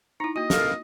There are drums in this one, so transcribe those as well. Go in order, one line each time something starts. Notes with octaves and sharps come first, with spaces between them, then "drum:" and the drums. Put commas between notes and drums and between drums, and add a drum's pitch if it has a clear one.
D#4 E4 A#5
A#3 F#4 D#5
A4 A#4 F5, drum: snare